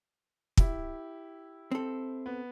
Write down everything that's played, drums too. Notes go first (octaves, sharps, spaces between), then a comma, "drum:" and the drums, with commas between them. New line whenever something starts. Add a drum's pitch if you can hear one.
E4 G4, drum: kick
C4 A4
B3